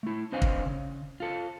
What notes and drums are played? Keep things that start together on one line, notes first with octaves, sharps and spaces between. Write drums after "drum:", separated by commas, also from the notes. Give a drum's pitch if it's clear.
A3 E4
C4 D4 C5 D#5 F5 G#5
drum: kick
C#3
F4 A4